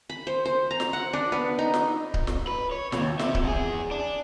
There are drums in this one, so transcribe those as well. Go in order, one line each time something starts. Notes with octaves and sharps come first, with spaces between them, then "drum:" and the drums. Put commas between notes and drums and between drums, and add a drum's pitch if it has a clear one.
B5
C5
C5
A#5
drum: snare
F#5
D4
B3
D#4
drum: snare
drum: kick C#1
drum: snare
B4
C#5
D#2 B2, drum: snare
C4 E5, drum: snare
drum: kick C#1
E2 G#4
D4